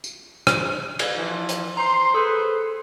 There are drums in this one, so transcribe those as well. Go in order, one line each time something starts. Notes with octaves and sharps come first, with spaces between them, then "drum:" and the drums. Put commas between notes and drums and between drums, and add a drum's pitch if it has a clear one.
drum: tambourine
drum: rim click
drum: cymbal
E3 F3
drum: hi-hat
C5 A#5 C6
G#4 A4 B4 C5